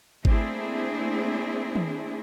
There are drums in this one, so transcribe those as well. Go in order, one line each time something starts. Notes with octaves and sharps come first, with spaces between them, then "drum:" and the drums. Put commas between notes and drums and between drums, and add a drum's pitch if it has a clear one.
A3 A#3 C4 D4 E4 G#4, drum: kick G#1
drum: tom D#3